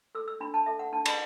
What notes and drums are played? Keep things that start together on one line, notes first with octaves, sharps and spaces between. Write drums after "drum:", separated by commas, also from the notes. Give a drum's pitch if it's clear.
A4 E6
E6
D4 B5
A5
A4 E5
F#5
D4 A5
B5, drum: cymbal